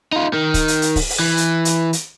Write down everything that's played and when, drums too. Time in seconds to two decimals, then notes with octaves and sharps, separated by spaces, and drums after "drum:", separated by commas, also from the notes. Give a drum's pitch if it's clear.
0.12 D#4 F4
0.33 D#3
0.54 drum: kick, hi-hat
0.68 drum: hi-hat
0.82 drum: hi-hat
0.96 drum: kick, open hi-hat
1.10 drum: open hi-hat
1.20 E3
1.37 drum: hi-hat
1.65 drum: hi-hat
1.93 drum: hi-hat